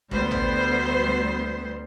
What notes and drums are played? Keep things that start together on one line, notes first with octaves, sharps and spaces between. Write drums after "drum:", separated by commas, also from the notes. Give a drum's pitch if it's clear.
D2 G3 B3 C5, drum: kick
drum: tom